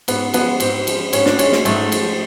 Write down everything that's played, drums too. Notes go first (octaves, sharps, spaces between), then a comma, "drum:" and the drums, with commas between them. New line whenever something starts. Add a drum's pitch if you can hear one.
G#2 B3, drum: cymbal
F3 G#3 B3, drum: cymbal
G#2 C4, drum: cymbal
F3 G#3, drum: cymbal
G#2 C#4, drum: cymbal
D4, drum: snare
F3 G#3 C#4, drum: cymbal
drum: snare
G#2 A3, drum: cymbal
F3 G#3, drum: cymbal